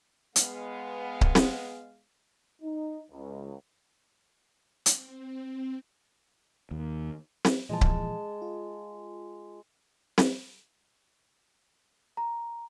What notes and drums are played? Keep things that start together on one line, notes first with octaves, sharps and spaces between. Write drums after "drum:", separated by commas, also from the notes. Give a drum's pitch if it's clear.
G#3 B3 F5, drum: hi-hat
drum: kick C#1
drum: snare C4
D#4
C#2
C4, drum: hi-hat
D#2
drum: snare C4
A#2 E3 F3 G#3 A5
drum: kick C#1
F4
drum: snare C4
A#5